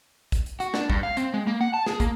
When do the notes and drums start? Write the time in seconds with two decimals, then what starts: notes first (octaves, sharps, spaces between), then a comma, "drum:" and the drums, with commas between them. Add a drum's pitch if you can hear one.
0.32 drum: kick, hi-hat
0.46 drum: hi-hat
0.60 F#4, drum: hi-hat
0.74 D4, drum: snare
0.90 G2, drum: kick
1.03 F5
1.17 C4, drum: hi-hat
1.34 G#3
1.47 A#3
1.61 F#5
1.74 A5
1.86 G#4, drum: snare
2.00 A#3, drum: kick, hi-hat